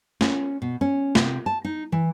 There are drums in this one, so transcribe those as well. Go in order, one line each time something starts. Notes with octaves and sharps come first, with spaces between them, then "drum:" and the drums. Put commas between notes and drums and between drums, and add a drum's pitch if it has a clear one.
C#4, drum: snare
B2
C#4
C3, drum: snare
A5
D#4
E3